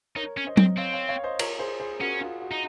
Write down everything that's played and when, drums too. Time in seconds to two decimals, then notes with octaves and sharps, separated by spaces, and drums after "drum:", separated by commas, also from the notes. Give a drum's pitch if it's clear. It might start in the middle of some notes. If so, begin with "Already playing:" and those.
0.16 D#4 A#4 C#5
0.37 C#4
0.47 C5 D#5
0.57 C4, drum: tom F#3
0.78 C4 C#5 F5
0.93 C#5 F5
1.09 C#5 F5
1.24 C5 D#5
1.39 A#4 C#5, drum: cymbal
1.59 G#4 C5
1.80 G#4 C5
2.01 C#4 F#4 A#4
2.21 F4 G#4
2.42 F#4
2.52 D#4